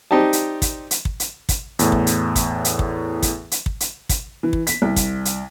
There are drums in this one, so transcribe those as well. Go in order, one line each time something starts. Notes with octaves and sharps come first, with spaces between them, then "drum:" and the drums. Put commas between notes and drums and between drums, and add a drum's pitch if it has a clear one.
C4 D#4 G4 D5 A5
drum: hi-hat
drum: kick, hi-hat
drum: hi-hat
drum: kick
drum: hi-hat
drum: kick, hi-hat
E2 A2, drum: hi-hat
drum: kick
drum: hi-hat
drum: kick, hi-hat
drum: hi-hat
drum: kick
drum: kick, hi-hat
drum: hi-hat
drum: kick
drum: hi-hat
drum: kick, hi-hat
E3
drum: kick
B6, drum: hi-hat
C2
drum: kick, hi-hat
drum: hi-hat